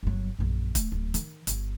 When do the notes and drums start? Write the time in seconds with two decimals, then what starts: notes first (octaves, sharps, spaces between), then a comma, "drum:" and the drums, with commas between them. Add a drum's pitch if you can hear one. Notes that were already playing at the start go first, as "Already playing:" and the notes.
0.03 G1 F#3
0.38 A#1 F#2
0.75 A3, drum: kick, hi-hat
0.92 D1
1.14 D#3, drum: hi-hat
1.47 G1, drum: hi-hat